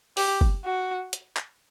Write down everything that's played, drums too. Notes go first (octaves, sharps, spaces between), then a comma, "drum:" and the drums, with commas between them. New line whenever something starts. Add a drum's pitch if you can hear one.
G4, drum: open hi-hat
drum: kick
F#4
drum: hi-hat
drum: clap